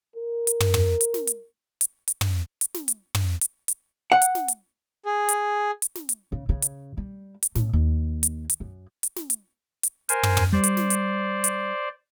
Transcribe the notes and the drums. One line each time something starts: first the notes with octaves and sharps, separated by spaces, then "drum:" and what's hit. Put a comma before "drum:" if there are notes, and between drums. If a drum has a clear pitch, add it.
A#4
drum: hi-hat
drum: tom
drum: tom
drum: hi-hat
drum: snare
drum: hi-hat
drum: hi-hat
drum: hi-hat
drum: tom
drum: hi-hat
drum: snare
drum: hi-hat
drum: tom
drum: hi-hat
drum: hi-hat
F#5
drum: hi-hat
drum: snare
drum: hi-hat
G#4
drum: hi-hat
drum: hi-hat
drum: snare
drum: hi-hat
C#3
C#3
drum: hi-hat
G3
drum: hi-hat
A2, drum: snare
D#2
drum: hi-hat
drum: hi-hat
F#2
drum: hi-hat
drum: snare
drum: hi-hat
drum: hi-hat
A#4 C5 G#5, drum: hi-hat
drum: tom
drum: tom
G3 C5 D5
drum: hi-hat
drum: snare
drum: hi-hat
drum: hi-hat